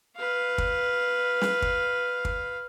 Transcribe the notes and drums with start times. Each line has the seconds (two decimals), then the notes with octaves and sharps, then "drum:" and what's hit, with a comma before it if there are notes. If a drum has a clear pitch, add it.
0.17 B4 F5
0.58 drum: kick
1.41 drum: snare
1.62 drum: kick
2.25 drum: kick